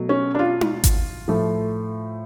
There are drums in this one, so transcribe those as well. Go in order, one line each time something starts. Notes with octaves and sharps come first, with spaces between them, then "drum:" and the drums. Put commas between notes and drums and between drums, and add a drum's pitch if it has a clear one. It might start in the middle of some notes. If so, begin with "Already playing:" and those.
Already playing: B2 F#3 A3
C#4
D4
F4
drum: tom D#4
drum: kick G#1, hi-hat
A2 F3 A3